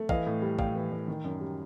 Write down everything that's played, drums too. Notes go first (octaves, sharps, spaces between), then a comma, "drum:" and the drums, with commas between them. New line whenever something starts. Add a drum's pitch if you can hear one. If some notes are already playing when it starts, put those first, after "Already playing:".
Already playing: A3
E3 D#5 F5, drum: kick
A2
G3
A2 F5 G5, drum: kick
E3
A2
D#3
F#2
G3